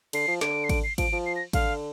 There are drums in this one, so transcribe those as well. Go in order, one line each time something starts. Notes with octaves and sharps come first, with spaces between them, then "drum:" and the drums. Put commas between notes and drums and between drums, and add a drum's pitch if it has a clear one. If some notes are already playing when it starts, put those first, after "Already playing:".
D3 C7, drum: cymbal
F3
D3 D7, drum: snare
C7
D7, drum: kick G#1, cymbal
C7
F3 D7, drum: kick G#1, cymbal
F3
C7
A#6
D3 F5, drum: kick G#1, cymbal